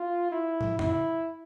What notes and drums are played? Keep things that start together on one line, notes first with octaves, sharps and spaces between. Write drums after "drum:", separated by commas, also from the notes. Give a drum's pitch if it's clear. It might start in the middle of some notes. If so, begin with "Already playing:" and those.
Already playing: F4
E4
drum: tom
E4, drum: tom F2